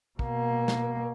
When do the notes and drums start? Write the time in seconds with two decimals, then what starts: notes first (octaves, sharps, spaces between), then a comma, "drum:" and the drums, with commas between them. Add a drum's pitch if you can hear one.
0.19 B2 A#3, drum: kick
0.68 drum: snare